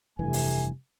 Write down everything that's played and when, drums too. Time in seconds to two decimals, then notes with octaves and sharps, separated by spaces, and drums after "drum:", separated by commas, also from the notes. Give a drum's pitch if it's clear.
0.19 F1 G2 C3 E3 A3 G#5
0.33 drum: open hi-hat